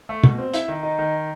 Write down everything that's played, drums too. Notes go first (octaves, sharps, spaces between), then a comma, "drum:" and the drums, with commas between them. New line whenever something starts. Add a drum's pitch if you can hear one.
A3
B2, drum: tom
C4
E4, drum: hi-hat
D#3
D#4
D#3